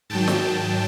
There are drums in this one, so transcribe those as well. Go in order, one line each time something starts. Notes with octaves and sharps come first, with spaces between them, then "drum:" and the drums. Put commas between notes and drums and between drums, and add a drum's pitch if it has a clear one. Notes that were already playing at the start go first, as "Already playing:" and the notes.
G#2 D#3 F#3 G5 A5
drum: snare